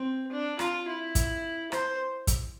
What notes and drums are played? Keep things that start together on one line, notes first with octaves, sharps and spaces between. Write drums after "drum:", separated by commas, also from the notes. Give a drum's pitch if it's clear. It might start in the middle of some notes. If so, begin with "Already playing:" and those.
Already playing: C4
D4
F4, drum: rim click
E4
drum: kick, hi-hat
C5, drum: rim click
drum: kick, hi-hat